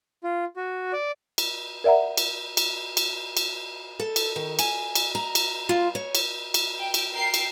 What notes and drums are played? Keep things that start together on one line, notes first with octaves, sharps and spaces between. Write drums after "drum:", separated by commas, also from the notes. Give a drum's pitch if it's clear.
F4
F#4
D5
drum: cymbal
A#4 D5 E5 F#5 A#5
drum: cymbal
drum: cymbal
drum: cymbal
drum: cymbal
A4
drum: cymbal
D#3
G#5, drum: cymbal
drum: cymbal
A#5
drum: cymbal
F4
C#5
drum: cymbal
drum: cymbal
G5
drum: cymbal
A#4 G5 C7
drum: cymbal